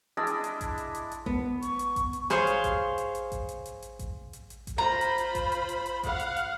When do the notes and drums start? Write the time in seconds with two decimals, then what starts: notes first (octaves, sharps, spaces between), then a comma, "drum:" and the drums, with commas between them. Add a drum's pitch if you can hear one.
0.17 G#3 D4 E4 D#5
0.27 drum: hi-hat
0.44 drum: hi-hat
0.61 drum: kick A1, hi-hat
0.78 drum: hi-hat
0.95 drum: hi-hat
1.11 drum: hi-hat
1.26 B3, drum: kick A1
1.62 C#6, drum: hi-hat
1.79 drum: hi-hat
1.96 drum: kick A1, hi-hat
2.13 drum: hi-hat
2.30 G#4 C5 C#5 F5, drum: hi-hat
2.47 drum: hi-hat
2.64 drum: kick A1, hi-hat
2.98 drum: hi-hat
3.15 drum: hi-hat
3.32 drum: kick A1, hi-hat
3.49 drum: hi-hat
3.66 drum: hi-hat
3.82 drum: hi-hat
3.99 drum: kick A1, hi-hat
4.33 drum: hi-hat
4.50 drum: hi-hat
4.67 drum: kick A1, hi-hat
4.78 F4 C5 A#5 B5
5.01 drum: hi-hat
5.18 drum: hi-hat
5.35 drum: kick A1, hi-hat
5.52 drum: hi-hat
5.69 drum: hi-hat
5.86 drum: hi-hat
6.03 F5 F#5, drum: kick A1, hi-hat
6.20 drum: hi-hat
6.36 drum: hi-hat